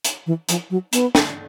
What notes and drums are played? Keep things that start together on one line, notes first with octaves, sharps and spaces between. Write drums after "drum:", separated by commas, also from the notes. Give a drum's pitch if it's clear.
drum: hi-hat
E3
F3, drum: hi-hat
F#3
B3, drum: hi-hat
drum: snare